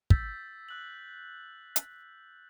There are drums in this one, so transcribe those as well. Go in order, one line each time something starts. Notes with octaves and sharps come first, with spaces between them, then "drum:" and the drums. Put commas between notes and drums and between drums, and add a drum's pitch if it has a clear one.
E6 G6 A6 B6, drum: kick
E6 F#6 F#7
drum: hi-hat